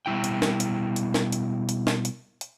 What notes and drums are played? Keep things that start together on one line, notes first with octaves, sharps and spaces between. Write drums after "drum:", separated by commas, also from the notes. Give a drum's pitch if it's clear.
B2 G3 E4 G5
drum: hi-hat
drum: snare
drum: hi-hat
drum: hi-hat
drum: snare
drum: hi-hat
drum: hi-hat
drum: snare
drum: hi-hat
drum: hi-hat